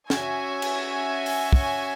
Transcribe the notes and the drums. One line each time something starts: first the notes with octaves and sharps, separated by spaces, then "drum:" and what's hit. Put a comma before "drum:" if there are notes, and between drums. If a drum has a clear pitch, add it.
C#4 F#4 E5 G#5, drum: snare
drum: cymbal
drum: open hi-hat
drum: kick